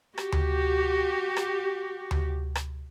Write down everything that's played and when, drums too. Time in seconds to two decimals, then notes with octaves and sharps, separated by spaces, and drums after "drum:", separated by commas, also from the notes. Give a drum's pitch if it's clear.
0.18 F#4 G4, drum: rim click
0.32 drum: tom D2
1.36 drum: rim click
2.11 drum: tom D2
2.55 drum: rim click